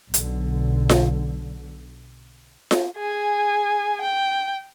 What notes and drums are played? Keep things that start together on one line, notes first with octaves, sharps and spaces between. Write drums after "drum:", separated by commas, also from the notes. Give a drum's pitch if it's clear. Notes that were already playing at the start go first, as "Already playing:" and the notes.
B1 D3, drum: hi-hat
drum: snare F4
drum: snare F4
G#4 G#5
G5